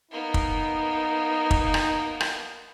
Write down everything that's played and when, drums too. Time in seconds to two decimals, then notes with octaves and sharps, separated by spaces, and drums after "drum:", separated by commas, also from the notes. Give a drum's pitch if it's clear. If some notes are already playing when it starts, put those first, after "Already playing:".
0.11 A#3 B3 D#4
0.34 drum: kick
1.51 drum: kick
1.74 drum: rim click
2.20 drum: rim click